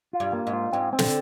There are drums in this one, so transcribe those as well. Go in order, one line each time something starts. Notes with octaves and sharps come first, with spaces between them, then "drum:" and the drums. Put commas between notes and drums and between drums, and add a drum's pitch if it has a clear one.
F4
G2
A#3
G#2
F4
G#2 C4
C4
D3, drum: snare